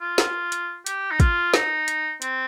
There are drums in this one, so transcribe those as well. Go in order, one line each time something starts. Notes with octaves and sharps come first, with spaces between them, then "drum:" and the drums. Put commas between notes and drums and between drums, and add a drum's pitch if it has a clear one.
F4
drum: snare
drum: hi-hat
G4, drum: hi-hat
D#4
F4, drum: kick, hi-hat
D#4, drum: snare
drum: hi-hat
C4, drum: hi-hat